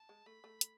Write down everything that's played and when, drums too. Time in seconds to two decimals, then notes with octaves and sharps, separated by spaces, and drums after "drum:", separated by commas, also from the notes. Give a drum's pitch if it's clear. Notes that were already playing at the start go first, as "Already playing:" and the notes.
Already playing: A5
0.09 G#3
0.26 A3 B5
0.44 A3
0.61 drum: hi-hat